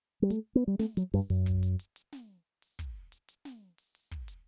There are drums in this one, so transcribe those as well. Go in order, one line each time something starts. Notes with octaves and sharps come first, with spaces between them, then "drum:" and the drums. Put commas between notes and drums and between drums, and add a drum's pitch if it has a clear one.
G3
A3, drum: hi-hat
B3
G3
A3, drum: snare
F#3, drum: hi-hat
G2, drum: open hi-hat
F#2, drum: open hi-hat
drum: kick, hi-hat
drum: hi-hat
drum: hi-hat
drum: hi-hat
drum: snare
drum: open hi-hat
drum: kick, hi-hat
drum: hi-hat
drum: hi-hat
drum: snare
drum: open hi-hat
drum: open hi-hat
drum: kick
drum: hi-hat